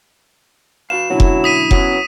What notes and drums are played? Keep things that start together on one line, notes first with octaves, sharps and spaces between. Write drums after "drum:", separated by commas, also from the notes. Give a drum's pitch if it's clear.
F#4 B4 F5 E7
F#2 B2 D3 F#3 E4
drum: kick F1
D#6 B6 D#7
F#3 B3 C#4, drum: kick F1